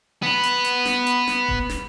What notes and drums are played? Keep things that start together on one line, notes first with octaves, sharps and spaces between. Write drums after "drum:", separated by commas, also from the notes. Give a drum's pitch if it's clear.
B3 B4
drum: hi-hat
drum: hi-hat
drum: snare
drum: hi-hat
drum: snare
drum: kick D#1
drum: snare